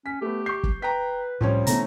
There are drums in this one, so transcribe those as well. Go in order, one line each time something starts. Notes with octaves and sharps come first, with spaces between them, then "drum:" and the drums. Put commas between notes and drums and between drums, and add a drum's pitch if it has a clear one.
C#4 B6
A3 B3 G4
C#6 G6 C7
drum: kick
B4 G5 A#5 B6
C2 A2 F3 G3 C4 C#4 C#5
C3 E3 A3 B3 D4 A#5, drum: hi-hat